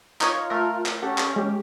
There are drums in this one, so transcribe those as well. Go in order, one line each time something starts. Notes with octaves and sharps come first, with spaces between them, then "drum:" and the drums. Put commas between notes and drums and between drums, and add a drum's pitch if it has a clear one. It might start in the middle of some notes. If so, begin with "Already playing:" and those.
D#4 F4 C#5, drum: clap
A3 A#4
drum: clap
C#4 G4 A4 F#5
drum: clap
G#3 G4